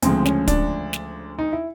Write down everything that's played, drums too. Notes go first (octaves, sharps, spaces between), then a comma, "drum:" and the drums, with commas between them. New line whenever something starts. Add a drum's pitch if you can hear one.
D2 C#3 F3 G#3 C4, drum: hi-hat
C#4, drum: snare
D4, drum: kick, hi-hat
drum: snare
D#4
E4